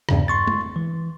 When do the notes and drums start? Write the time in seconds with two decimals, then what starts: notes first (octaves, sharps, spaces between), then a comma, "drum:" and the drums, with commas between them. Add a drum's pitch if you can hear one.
0.09 E2 G2 C#3, drum: rim click
0.28 C6 C#6 A6
0.47 drum: tom G#3
0.76 E3